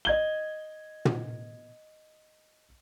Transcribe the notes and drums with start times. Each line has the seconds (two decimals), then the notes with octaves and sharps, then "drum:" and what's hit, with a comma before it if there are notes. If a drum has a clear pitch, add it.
0.05 D#5 G#6 G7
1.05 drum: tom